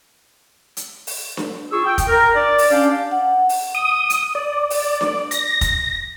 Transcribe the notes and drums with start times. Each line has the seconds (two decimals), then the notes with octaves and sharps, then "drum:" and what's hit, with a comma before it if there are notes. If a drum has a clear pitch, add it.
0.77 drum: hi-hat
1.07 drum: open hi-hat
1.37 drum: snare D4
1.72 F4 G#4 C#6 E6
1.85 G5
1.98 drum: kick F1, hi-hat
2.08 A#4
2.36 D5
2.58 drum: open hi-hat
2.71 C#4 D4 G4 F5
3.11 F#5
3.49 drum: open hi-hat
3.75 D#6
4.10 drum: hi-hat
4.35 D5
4.70 drum: open hi-hat
5.01 drum: snare D4
5.31 A#6, drum: hi-hat
5.61 drum: kick F1, hi-hat